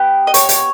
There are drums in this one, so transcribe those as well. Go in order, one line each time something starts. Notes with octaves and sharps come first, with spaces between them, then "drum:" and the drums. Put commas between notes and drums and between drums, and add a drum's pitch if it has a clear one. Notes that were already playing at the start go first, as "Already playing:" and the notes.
Already playing: B3 G4
D#5
C#5, drum: hi-hat
drum: hi-hat